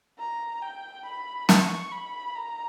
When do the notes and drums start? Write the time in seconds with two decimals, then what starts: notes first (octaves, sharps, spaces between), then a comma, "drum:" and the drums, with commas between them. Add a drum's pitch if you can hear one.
0.18 A#5
0.62 G5
1.06 B5
1.49 C#6, drum: snare
1.92 B5
2.35 A#5